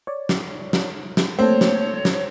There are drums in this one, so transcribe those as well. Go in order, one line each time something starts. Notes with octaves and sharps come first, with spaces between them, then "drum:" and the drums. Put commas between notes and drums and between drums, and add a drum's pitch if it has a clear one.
C#5 D5
drum: snare
drum: snare
drum: snare
A3 A#3 C4 A4 C#5
drum: snare
drum: snare